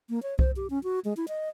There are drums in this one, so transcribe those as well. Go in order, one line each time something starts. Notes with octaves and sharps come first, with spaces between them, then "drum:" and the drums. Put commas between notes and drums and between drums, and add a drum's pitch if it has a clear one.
A#3
C#5
C5, drum: kick C2
G4
C#4
F#4
G#3
E4
D#5